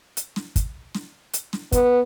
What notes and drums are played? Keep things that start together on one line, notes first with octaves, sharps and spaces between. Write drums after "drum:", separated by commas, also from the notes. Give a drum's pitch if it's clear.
drum: hi-hat
drum: snare
drum: kick, hi-hat
drum: snare
drum: hi-hat
drum: snare
B3, drum: kick, hi-hat